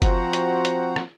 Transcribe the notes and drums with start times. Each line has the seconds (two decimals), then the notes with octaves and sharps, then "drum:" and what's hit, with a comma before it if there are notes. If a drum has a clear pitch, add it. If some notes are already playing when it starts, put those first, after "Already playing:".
0.02 F3 C4 F#4 C5 F#5 A#5, drum: kick F#1, hi-hat
0.33 drum: hi-hat
0.65 drum: hi-hat
0.96 drum: rim click